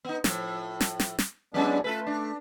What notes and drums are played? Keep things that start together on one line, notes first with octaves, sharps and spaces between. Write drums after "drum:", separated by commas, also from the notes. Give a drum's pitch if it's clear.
B3 D#4
A2 F3, drum: snare
drum: snare
drum: snare
drum: snare
F#3 G#3 B3 C#4 D4 E4
A3 F4 A4 B4
D4